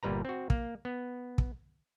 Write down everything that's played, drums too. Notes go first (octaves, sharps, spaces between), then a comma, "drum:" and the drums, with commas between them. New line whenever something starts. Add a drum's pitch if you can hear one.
G1 A#2 G3 B4 A#5
C4 F#4
A#3, drum: kick
B3
drum: kick